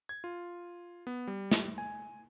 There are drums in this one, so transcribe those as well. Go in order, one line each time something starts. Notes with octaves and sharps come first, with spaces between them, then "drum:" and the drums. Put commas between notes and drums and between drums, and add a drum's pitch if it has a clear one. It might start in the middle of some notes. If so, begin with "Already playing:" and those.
G#6
F4
B3
G3
drum: snare
G#5